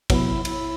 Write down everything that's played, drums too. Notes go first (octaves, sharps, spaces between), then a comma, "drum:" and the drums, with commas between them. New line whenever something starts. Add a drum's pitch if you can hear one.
C3 F#3 B3 E4, drum: kick, cymbal
E4, drum: cymbal